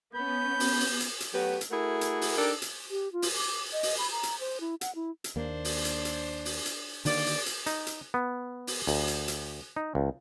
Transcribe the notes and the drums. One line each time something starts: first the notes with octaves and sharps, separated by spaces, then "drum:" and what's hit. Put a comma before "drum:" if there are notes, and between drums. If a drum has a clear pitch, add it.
B3 C#4 B5 G6
drum: open hi-hat
drum: open hi-hat
drum: hi-hat
drum: hi-hat
F#3 A3 B3 F#4 G4 B4
drum: hi-hat
A3 E4 F#4 G#4 A#4
drum: hi-hat
drum: open hi-hat
D4 D#4 G4 A4 A#4
drum: hi-hat
G4
F4
drum: open hi-hat
D6
D#5
drum: open hi-hat
B5
A#5
drum: hi-hat
C5
E4
F#5, drum: hi-hat
E4
drum: hi-hat
D#2 A#3 D4 C5
drum: open hi-hat
drum: hi-hat
drum: hi-hat
drum: open hi-hat
drum: hi-hat
D3 D#3 A#3 D5, drum: open hi-hat
drum: open hi-hat
drum: hi-hat
D#4, drum: hi-hat
drum: hi-hat
B3
drum: open hi-hat
D2, drum: open hi-hat
drum: hi-hat
drum: hi-hat
D#4
C#2